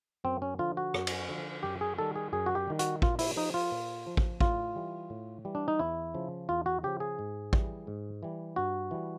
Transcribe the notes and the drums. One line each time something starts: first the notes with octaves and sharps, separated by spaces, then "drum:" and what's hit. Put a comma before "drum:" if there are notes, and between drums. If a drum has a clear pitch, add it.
F#2 C4
C#4
D3 F3 F4
F#4
F#2, drum: rim click
drum: cymbal
D3 F3
F#2 G4
G#4
D#3 G3 A4
G#4
F#2 G#4
F#4
G4
D#3 G3
F#4, drum: hi-hat
A#2 F4, drum: kick A1
E4, drum: open hi-hat
F3 D#4
F4
A#2
F3
drum: kick A1
A2 F4, drum: kick A1
E3 G3
A2
E3 G3
D4
D#4
E2 E4
C#3 F3
E2 F4
F#4
C#3 F3 G4
G#4
G#2
E3 G3, drum: kick A1
G#2
E3 G3
G2 F#4
E3 G3